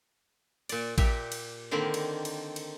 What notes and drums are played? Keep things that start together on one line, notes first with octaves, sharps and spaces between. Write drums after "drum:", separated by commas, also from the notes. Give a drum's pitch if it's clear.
A#2 D5, drum: cymbal
A#2 G4 E5 G5 A#5, drum: kick A1, cymbal
drum: cymbal
D3 D#3 A#3 C4 F5 B5
drum: cymbal
drum: cymbal
drum: cymbal